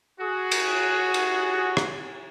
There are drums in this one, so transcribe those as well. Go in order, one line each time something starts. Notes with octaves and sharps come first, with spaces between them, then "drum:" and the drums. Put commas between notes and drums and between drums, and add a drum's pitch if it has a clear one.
F#4 G#4
drum: cymbal
drum: cymbal
drum: rim click